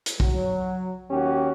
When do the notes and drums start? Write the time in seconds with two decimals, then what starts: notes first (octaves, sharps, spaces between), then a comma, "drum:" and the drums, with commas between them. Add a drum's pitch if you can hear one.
0.06 drum: hi-hat
0.20 F#3, drum: kick
1.11 D#2 C#4 F#4 G4